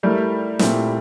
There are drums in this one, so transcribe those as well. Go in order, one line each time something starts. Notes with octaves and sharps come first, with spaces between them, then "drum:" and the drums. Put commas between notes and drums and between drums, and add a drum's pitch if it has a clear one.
G3 A3 E4 A#4
A#2 A3 C4 E4, drum: snare